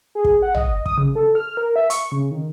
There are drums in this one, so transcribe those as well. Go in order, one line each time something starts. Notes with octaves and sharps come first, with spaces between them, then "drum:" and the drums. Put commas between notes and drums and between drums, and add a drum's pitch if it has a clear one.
G#4
drum: kick
F#5
D#5, drum: tom
D#6, drum: kick
C#3
A4
F6
A#4
E5
C#6, drum: hi-hat
C#3
D#3